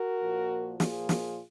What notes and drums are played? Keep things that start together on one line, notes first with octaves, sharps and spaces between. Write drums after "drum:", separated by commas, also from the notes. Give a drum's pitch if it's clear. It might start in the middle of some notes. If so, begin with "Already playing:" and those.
Already playing: F#4 A#4
A#2 F3 A#3
A#2 F3 A#3 F4 G#4, drum: snare
drum: snare